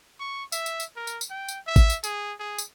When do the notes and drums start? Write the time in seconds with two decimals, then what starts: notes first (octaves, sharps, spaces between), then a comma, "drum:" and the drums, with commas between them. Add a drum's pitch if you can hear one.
0.20 C#6
0.52 E5, drum: tambourine
0.66 drum: tambourine
0.80 drum: tambourine
0.96 A#4
1.07 drum: tambourine
1.21 drum: tambourine
1.30 G5
1.49 drum: tambourine
1.67 E5
1.76 drum: kick, tambourine
1.90 drum: tambourine
2.04 G#4, drum: tambourine
2.40 G#4
2.58 drum: tambourine